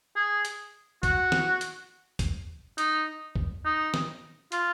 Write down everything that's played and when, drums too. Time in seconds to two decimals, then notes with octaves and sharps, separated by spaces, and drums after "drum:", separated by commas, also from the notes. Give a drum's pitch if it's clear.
0.16 G#4
0.45 drum: hi-hat
1.03 F#4, drum: kick, hi-hat
1.32 drum: snare
1.61 drum: hi-hat
2.19 drum: kick, hi-hat
2.78 D#4, drum: hi-hat
3.36 drum: kick
3.65 D#4
3.94 drum: snare
4.52 F4, drum: hi-hat